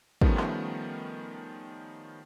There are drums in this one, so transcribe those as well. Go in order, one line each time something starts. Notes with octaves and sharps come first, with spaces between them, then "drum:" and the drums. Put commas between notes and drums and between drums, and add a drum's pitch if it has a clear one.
D#3 F3 G3 A3 B3 C#4, drum: kick
drum: clap